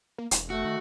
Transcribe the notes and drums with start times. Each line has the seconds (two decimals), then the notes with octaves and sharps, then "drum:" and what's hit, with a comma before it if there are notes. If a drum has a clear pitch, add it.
0.18 A#3
0.31 E1, drum: hi-hat
0.50 A3 F#4
0.65 D#3